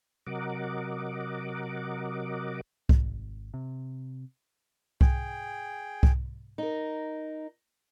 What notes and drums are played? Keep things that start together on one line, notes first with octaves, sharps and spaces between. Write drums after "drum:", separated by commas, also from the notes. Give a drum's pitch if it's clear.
C3 F#3 A#4 D#5 F#5 D6
G#1, drum: kick C2
C3
G#4 G5, drum: kick C2
drum: kick C2
D#4 A#4